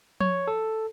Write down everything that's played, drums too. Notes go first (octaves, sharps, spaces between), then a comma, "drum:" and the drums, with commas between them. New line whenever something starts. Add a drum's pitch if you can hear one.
C#5, drum: tom F3
A4